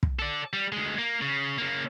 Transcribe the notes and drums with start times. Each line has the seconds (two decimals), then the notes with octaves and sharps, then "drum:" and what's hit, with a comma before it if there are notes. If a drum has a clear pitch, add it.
0.03 drum: kick
0.19 A4 D5
0.53 G3
0.72 D2 G#3
0.99 A#3
1.21 C#3
1.58 C#3 A#3